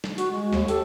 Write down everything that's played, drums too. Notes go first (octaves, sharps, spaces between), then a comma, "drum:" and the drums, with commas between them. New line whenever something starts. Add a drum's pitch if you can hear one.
drum: snare
F#4, drum: hi-hat
G#3
D#2, drum: snare
G4 A4, drum: hi-hat